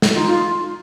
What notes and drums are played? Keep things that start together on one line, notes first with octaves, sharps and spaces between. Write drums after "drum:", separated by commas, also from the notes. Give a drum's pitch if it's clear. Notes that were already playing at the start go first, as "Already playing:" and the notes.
drum: snare
D#4 F4
F4